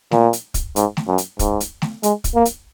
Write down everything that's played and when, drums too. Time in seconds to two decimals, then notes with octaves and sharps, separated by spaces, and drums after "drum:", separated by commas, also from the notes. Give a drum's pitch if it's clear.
0.11 A#2, drum: snare
0.33 drum: hi-hat
0.54 drum: kick, hi-hat
0.76 G#2, drum: hi-hat
0.97 drum: snare
1.08 F#2
1.18 drum: hi-hat
1.39 G#2, drum: kick, hi-hat
1.60 drum: hi-hat
1.82 drum: snare
2.03 G#3, drum: hi-hat
2.24 drum: kick, hi-hat
2.35 A#3
2.45 drum: hi-hat